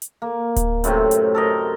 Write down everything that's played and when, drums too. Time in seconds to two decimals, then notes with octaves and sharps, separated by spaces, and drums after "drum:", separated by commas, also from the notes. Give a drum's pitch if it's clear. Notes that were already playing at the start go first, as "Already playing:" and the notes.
0.02 drum: hi-hat
0.22 A#3
0.56 drum: kick D1, hi-hat
0.84 F#2 A2 C3 C4, drum: hi-hat
1.11 drum: hi-hat
1.35 A4 A#4 D#5